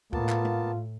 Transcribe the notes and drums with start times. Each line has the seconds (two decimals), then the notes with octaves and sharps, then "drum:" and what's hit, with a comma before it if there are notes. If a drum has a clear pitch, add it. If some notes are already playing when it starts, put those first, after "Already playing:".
0.13 A2 A#3 B3 F4 A5, drum: kick
0.29 drum: clap
0.45 drum: tom G#3